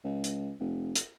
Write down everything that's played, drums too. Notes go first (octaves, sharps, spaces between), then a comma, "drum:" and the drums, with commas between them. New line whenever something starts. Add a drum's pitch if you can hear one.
C#2
drum: hi-hat
F1
drum: hi-hat